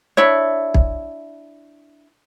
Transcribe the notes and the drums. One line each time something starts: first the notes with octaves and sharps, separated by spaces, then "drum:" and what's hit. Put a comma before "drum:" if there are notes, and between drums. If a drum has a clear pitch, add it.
D4 E4 C#5
drum: kick